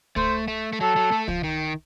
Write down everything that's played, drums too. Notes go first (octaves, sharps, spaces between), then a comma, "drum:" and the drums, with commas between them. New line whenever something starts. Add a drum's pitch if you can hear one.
A3 C5, drum: kick
A3
A3
F#3 A4
F#3
A3
F3, drum: kick
D#3